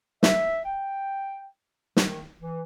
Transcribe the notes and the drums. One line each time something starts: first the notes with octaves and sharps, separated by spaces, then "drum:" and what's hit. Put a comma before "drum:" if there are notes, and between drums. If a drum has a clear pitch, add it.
E5, drum: snare
G5
D#3, drum: snare
E3